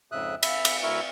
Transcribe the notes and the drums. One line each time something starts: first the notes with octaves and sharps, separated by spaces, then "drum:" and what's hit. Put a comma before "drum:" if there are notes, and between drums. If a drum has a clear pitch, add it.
F2 G#2 C#3 E5 D#6 F#6
E5 B5, drum: cymbal
drum: cymbal
D2 E4 A#4 E5 C#6